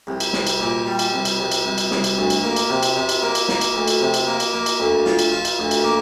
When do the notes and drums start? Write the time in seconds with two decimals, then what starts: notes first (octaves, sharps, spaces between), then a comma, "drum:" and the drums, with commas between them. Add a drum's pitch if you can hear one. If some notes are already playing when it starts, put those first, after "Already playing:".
0.07 C2
0.20 drum: cymbal
0.33 C2, drum: snare
0.47 drum: cymbal
0.60 A#2
0.87 G3
0.99 drum: cymbal
1.12 C2
1.25 drum: cymbal
1.39 C2
1.51 drum: cymbal
1.65 C2
1.78 drum: cymbal
1.91 C2, drum: snare
2.04 drum: cymbal
2.18 D2
2.30 drum: cymbal
2.44 A#3
2.56 drum: cymbal
2.70 C3
2.83 drum: cymbal
2.96 C3
3.09 drum: cymbal
3.22 A#3
3.35 drum: cymbal
3.48 A#3, drum: snare
3.61 drum: cymbal
3.74 D2
3.88 drum: cymbal
4.00 C3
4.14 drum: cymbal
4.27 A#3
4.40 drum: cymbal
4.53 A#3
4.66 drum: cymbal
4.79 D2
5.06 F4, drum: snare
5.19 drum: cymbal
5.32 F4
5.45 drum: cymbal
5.59 D2
5.71 drum: cymbal
5.84 A#3